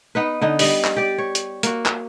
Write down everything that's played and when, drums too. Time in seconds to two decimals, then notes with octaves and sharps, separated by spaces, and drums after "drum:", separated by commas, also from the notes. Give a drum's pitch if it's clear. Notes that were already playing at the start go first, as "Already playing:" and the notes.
0.15 B3 D#4 B4
0.41 D3 B3 D#4
0.59 G3 D#5, drum: open hi-hat
0.85 drum: clap
0.97 G4 D5
1.18 C#5
1.35 drum: hi-hat
1.63 A#3 F#4, drum: hi-hat
1.86 drum: clap